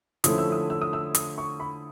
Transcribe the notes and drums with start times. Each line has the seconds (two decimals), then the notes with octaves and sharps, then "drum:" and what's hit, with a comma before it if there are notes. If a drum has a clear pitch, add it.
0.24 D3 F3 A3 C#4 E4 D#6, drum: hi-hat
0.38 E6
0.52 D#6
0.70 E6
0.81 D#6
0.93 E6
1.15 D#6, drum: hi-hat
1.38 C#6
1.60 B5